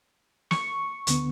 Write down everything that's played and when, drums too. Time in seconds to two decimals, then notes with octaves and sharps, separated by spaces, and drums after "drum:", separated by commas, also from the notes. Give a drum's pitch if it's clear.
0.51 C#6, drum: snare
1.07 D2 D3 B3, drum: hi-hat